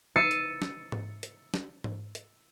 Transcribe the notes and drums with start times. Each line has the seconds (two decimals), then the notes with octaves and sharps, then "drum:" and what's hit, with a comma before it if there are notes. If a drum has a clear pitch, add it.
0.16 E6 A6 C7 C#7 D#7
0.31 drum: hi-hat
0.62 drum: snare
0.92 drum: tom G#2
1.23 drum: hi-hat
1.54 drum: snare
1.84 drum: tom G#2
2.15 drum: hi-hat